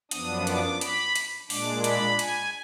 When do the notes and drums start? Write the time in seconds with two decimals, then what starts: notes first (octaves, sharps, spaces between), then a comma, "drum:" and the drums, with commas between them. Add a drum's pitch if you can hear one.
0.11 F#2 F3 B3 D4 D#6, drum: hi-hat
0.47 D6, drum: hi-hat
0.81 B5, drum: hi-hat
1.16 drum: hi-hat
1.50 A#2 G#3 D4 D6, drum: open hi-hat
1.84 B5, drum: hi-hat
2.19 G#5, drum: hi-hat